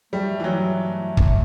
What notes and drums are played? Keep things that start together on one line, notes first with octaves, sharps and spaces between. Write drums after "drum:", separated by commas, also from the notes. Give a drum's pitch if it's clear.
G3 A3
E3
F#3 A3
drum: kick